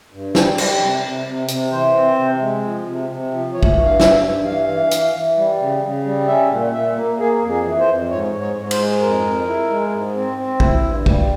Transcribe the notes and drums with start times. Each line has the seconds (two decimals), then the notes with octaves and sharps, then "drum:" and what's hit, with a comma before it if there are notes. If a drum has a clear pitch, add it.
0.12 G2
0.35 G3 G4, drum: snare
0.58 G3 G4, drum: cymbal
0.80 C3
1.03 C3
1.26 C3
1.48 C3, drum: hi-hat
1.71 E3 C5
1.94 C4
2.17 C3
2.40 G#3
2.62 F3
2.85 C3
3.09 C3
3.31 F3
3.53 E3 C#5
3.63 drum: kick
3.77 G2
3.85 F5
4.00 G2 E5, drum: snare
4.22 G2
4.45 E3 F5
4.68 E3
4.91 E3, drum: hi-hat
5.13 E3
5.36 G3
5.59 C#3
5.82 C#3
6.04 G3
6.27 C#4 E5
6.50 A#2
6.73 A#2 E5
6.96 A#3
7.18 A#3 G#4
7.41 F2
7.50 G#4
7.64 E3
7.80 C5
7.88 F2
8.09 G#2 C#5
8.33 G#2
8.41 C#5
8.56 G#2
8.71 C5, drum: cymbal
8.79 G#3
9.01 F2 A#4
9.24 F2
9.46 E4
9.70 G#3
9.92 G#2
10.15 C4
10.38 C4
10.60 E4, drum: kick
10.84 G2
11.06 G3, drum: kick